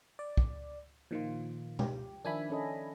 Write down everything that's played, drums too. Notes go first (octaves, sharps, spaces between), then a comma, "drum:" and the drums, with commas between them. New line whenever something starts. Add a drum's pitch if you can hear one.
D5
drum: kick
A#2 D#3 F3 F4
G4, drum: tom
D#3 F3 D4 E5 G#5 B5
C#4 A4 D#5